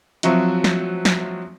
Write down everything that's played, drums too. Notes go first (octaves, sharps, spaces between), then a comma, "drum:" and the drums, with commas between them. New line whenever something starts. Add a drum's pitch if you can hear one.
F3 F#3 C4 F#4 E5, drum: hi-hat
drum: snare
drum: snare